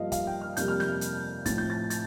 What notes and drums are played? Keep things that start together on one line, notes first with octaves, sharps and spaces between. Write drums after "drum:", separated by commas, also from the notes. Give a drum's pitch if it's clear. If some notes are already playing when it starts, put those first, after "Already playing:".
Already playing: G2 F3 A#3 D#5 F5
F5, drum: kick, hi-hat
G5
F6
F2 C3 G3 A#3 G6, drum: hi-hat
F6
G6, drum: snare
drum: hi-hat
A2 F3 C4 A6, drum: kick, hi-hat
G6
A6
A6, drum: hi-hat